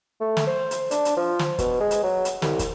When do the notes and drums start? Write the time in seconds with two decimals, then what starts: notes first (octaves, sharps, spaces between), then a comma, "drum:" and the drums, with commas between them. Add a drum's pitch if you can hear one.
0.21 A3
0.37 drum: snare
0.47 C5
0.71 drum: hi-hat
0.91 D4, drum: hi-hat
1.05 drum: hi-hat
1.17 F3
1.39 drum: snare
1.58 B2, drum: kick, hi-hat
1.81 G#3
1.91 drum: hi-hat
2.04 F#3
2.25 drum: hi-hat
2.42 C2, drum: snare
2.59 drum: kick, hi-hat